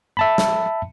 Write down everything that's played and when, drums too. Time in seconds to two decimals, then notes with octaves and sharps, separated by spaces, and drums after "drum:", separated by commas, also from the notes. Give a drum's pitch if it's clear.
0.17 E5 A5 B5
0.38 drum: snare